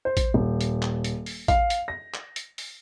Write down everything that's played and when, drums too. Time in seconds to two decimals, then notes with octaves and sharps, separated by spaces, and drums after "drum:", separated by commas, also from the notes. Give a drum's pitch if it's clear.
0.05 C5
0.17 drum: kick A1, hi-hat
0.34 D#1
0.61 drum: hi-hat
0.83 drum: clap
1.04 drum: hi-hat
1.26 drum: open hi-hat
1.48 F5, drum: kick A1, hi-hat
1.70 drum: hi-hat
1.88 A#6
2.14 drum: clap
2.36 drum: hi-hat
2.58 drum: open hi-hat